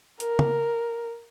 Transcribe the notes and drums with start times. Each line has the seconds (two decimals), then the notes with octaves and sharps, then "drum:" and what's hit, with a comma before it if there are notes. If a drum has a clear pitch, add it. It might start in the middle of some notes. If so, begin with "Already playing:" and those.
0.20 A#4, drum: hi-hat
0.39 drum: tom